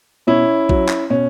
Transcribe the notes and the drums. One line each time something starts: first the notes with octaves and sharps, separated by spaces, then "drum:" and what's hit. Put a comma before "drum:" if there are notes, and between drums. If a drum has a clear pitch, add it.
B2 C#4 E4
F#3, drum: kick A#1
drum: clap
B2 C#4